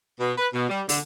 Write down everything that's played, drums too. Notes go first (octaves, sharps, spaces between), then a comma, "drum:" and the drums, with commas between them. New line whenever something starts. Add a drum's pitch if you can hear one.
B2
B4
B2
G3
D3, drum: open hi-hat